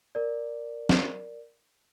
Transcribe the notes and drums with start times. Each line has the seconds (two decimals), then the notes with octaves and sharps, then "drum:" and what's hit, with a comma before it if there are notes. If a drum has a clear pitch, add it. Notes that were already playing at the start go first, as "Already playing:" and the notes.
0.15 A#4 D5
0.89 drum: snare